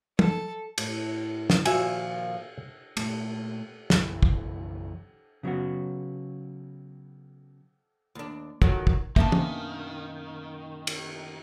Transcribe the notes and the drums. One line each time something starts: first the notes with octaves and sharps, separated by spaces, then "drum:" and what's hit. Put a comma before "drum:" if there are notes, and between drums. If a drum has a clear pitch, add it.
A4, drum: tom F#3
A2, drum: cymbal
drum: snare
A#2 D#3 F3 F#4 E5 G#5, drum: cymbal
A#2 A3, drum: cymbal
F#1 B1 E3, drum: snare
drum: kick
C#3 F#3 B3 F#4
D#2 D4
F2 D#3 F#3, drum: kick
drum: kick
F#2 B2 D#3 A#3 B3 D4 E5 A5, drum: kick
drum: tom
drum: cymbal